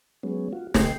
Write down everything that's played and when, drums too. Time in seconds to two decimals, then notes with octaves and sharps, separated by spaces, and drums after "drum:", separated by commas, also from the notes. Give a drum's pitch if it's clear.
0.23 F#3 G#3 B3 C#4
0.53 F4 F#4
0.74 C#3 A3 D#5 G5 C6, drum: snare